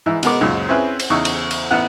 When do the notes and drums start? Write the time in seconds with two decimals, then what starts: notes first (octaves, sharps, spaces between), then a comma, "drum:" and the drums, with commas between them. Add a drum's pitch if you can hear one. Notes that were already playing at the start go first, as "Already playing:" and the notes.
0.06 G#2 E3 E4
0.23 B2 G#3 B3 A#4 D6, drum: cymbal
0.41 C#2 F#2 A#2 C#3
0.69 C4 C#4 E4 G#4 B4
0.99 drum: cymbal
1.10 E2 C#3 D#4 E4 C#6 E6
1.25 drum: cymbal
1.51 drum: cymbal
1.70 A1 B3 E4 F#5